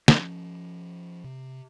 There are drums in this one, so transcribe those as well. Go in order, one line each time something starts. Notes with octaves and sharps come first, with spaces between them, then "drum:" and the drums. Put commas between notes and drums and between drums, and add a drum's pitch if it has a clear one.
F3 C#4, drum: snare
C3